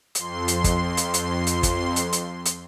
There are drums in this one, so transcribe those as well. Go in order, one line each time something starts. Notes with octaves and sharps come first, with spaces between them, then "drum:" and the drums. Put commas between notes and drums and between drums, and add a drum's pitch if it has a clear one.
F2 C6, drum: hi-hat
drum: hi-hat
drum: kick, hi-hat
drum: hi-hat
drum: hi-hat
drum: hi-hat
drum: kick, hi-hat
drum: hi-hat
drum: hi-hat
drum: hi-hat